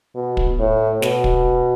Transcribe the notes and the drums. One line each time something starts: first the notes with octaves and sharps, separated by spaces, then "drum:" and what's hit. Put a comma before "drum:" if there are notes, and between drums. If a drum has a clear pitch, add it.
B2
drum: kick
A2
B2, drum: snare
drum: kick